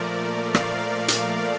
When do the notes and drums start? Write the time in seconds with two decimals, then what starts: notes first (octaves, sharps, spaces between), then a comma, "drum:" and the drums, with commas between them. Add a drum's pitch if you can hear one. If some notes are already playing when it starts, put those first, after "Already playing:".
Already playing: A#2 F3 A3 A#4 D5
0.54 D5 F5, drum: rim click
1.08 drum: hi-hat